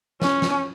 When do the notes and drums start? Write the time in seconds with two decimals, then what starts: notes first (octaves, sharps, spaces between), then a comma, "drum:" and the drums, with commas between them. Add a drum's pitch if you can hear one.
0.22 C#4, drum: snare
0.42 drum: snare